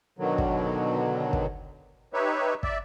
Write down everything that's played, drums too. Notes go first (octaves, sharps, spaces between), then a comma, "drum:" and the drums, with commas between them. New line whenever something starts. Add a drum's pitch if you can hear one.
B2 D3 D#3 F#3
drum: kick
drum: kick
D#4 G4 B4 C#5 E5
D5 E5, drum: kick